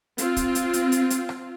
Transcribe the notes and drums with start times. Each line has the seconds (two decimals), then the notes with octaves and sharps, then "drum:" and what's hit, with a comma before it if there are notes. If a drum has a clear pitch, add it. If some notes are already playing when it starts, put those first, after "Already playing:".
0.18 C4 F4, drum: hi-hat
0.37 drum: kick, hi-hat
0.55 drum: hi-hat
0.73 drum: hi-hat
0.92 drum: hi-hat
1.10 drum: hi-hat
1.29 drum: rim click